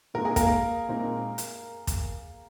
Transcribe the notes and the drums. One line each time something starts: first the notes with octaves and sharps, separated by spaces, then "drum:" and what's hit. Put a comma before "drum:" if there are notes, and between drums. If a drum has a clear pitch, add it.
A#2 G#3 C4 D#4 A#4
G#4
A#3 A#4, drum: kick, hi-hat
A#2 G#3 C4 D#4
drum: hi-hat
drum: kick, hi-hat